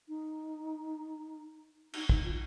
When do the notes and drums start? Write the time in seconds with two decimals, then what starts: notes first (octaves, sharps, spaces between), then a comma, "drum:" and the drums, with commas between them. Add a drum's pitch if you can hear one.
0.08 D#4
1.93 D#4, drum: cymbal
2.09 D#4, drum: kick
2.24 F4